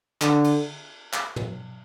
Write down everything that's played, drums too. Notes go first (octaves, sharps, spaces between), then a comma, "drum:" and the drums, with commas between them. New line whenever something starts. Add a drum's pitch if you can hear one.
D3, drum: clap
drum: cymbal
drum: clap
drum: tom